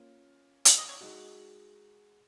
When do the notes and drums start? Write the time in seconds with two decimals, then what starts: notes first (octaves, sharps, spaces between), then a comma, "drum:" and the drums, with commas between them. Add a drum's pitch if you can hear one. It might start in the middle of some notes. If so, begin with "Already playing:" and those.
Already playing: A#3 C#4 F4
0.65 D#5, drum: hi-hat
0.77 D#5
0.89 C#5
1.01 G#3 D#4 F#4